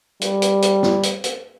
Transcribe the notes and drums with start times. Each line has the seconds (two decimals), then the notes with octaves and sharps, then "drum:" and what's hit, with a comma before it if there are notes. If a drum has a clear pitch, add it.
0.21 G3, drum: hi-hat
0.42 drum: hi-hat
0.62 drum: hi-hat
0.83 drum: snare
1.03 drum: hi-hat
1.24 drum: hi-hat